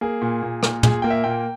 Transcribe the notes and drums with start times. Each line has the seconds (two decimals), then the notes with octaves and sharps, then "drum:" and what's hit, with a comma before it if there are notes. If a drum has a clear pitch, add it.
0.01 A#3 G#4
0.22 A#2
0.42 A#2
0.63 A#2, drum: rim click
0.83 A#2 G#4, drum: tom
1.02 A#3 G5
1.10 E5
1.24 A#2 G5